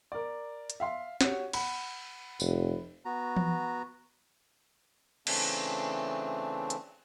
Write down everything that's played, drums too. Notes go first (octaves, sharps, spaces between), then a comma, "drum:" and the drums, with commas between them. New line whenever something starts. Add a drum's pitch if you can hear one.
A#4 D5
drum: hi-hat
E5 F5 C6
F#4 G4 C#5, drum: snare
F#5 B5, drum: cymbal
F1, drum: tambourine
B3 F#4 A#5
drum: tom E3
C#3 E3 A3 C4 D4, drum: cymbal
drum: hi-hat